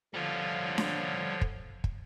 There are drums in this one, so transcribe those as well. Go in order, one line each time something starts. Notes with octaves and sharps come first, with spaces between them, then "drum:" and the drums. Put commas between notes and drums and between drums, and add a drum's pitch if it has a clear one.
D3 F3 G3 F4 C#5
drum: snare D4
drum: kick
drum: kick